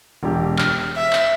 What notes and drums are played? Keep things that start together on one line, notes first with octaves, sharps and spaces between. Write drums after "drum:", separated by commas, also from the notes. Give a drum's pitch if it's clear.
E1 G4
F6, drum: clap
E5
drum: clap